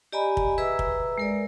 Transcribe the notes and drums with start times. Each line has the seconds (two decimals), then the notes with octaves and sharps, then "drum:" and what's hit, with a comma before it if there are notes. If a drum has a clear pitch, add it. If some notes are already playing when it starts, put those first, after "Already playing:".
0.12 G4 D5 D#5 G#5 A#5 B5
0.37 drum: kick
0.58 G#4 B4 E5 A#5 E6
0.79 drum: kick
1.18 G#3 A#4 D5